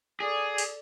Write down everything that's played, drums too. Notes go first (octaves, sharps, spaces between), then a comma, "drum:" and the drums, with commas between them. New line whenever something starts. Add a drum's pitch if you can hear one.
G#4 A4 D5
drum: open hi-hat